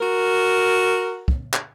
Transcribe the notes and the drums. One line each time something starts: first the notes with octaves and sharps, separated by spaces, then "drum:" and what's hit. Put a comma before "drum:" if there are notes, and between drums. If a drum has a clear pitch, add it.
F#4 A#4
drum: kick
drum: clap